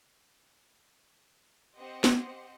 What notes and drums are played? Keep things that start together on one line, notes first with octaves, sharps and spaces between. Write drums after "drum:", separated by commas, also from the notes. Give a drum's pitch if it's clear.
C4 G4 C5 D#5 F#5 C6
drum: snare